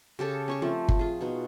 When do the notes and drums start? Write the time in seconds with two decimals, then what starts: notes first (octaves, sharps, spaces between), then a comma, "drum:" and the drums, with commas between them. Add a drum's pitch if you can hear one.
0.19 C#3 G4 A4 C#5
0.48 C#4 C#5 C#6
0.62 F3 A3 C4
0.88 drum: kick G1
0.99 F4 G#4
1.21 B2 D#4